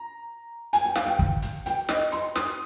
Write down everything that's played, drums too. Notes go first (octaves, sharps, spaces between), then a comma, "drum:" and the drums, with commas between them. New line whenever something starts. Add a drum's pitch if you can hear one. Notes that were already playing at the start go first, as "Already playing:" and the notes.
Already playing: A#5
G#5, drum: hi-hat
G5
F5, drum: snare
G5
drum: kick
drum: hi-hat
G5, drum: hi-hat
D#5, drum: snare
C6, drum: hi-hat
D#6, drum: snare